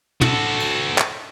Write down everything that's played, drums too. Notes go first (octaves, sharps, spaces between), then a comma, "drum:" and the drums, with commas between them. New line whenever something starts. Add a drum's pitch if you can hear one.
F#4 A4, drum: tom
drum: cymbal
drum: clap